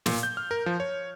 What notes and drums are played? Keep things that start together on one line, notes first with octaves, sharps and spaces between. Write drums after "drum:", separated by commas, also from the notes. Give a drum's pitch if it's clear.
A#2, drum: snare
G6
F6
A#4
F3
C#5